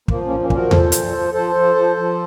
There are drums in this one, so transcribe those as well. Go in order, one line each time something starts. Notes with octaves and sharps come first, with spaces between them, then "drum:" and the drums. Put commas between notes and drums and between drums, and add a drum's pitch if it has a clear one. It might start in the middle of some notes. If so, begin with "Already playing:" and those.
F3 A#3, drum: kick
A#3 C#4
A#2
A#3 C#4
F3, drum: kick
F#4 A#4
A#2 A4 C5, drum: tom E2
F3, drum: hi-hat
F3
F3 A4 C5
F3
F3
F3